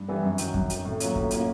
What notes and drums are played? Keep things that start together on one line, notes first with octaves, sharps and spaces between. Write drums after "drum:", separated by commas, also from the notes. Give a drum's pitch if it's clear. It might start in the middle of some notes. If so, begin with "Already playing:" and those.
Already playing: G2
E3 G3 B3
F#2
D#3 F#3, drum: hi-hat
F#2, drum: kick
D#3 F#3, drum: hi-hat
A2
F#3 A#3 C#4 F4, drum: hi-hat
A2, drum: kick
F#3 A#3 C#4 F4, drum: hi-hat